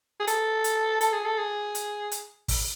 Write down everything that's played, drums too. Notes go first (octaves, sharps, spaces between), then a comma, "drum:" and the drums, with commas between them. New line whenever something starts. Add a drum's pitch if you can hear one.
G#4
A4, drum: hi-hat
drum: hi-hat
A4, drum: hi-hat
G#4
A4
G#4
drum: hi-hat
drum: hi-hat
drum: kick, open hi-hat